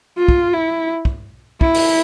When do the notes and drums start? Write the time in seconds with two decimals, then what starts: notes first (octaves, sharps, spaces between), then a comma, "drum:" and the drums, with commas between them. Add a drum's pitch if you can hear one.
0.17 F4
0.28 drum: kick
0.53 E4
1.05 drum: kick
1.61 E4, drum: kick
1.74 drum: open hi-hat